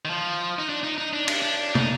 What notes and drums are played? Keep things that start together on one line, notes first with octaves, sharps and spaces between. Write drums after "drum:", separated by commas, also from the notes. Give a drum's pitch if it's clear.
D#3
F3
D#4
D4
D#4
D#4
D4
D4, drum: cymbal
D4
D#4, drum: tom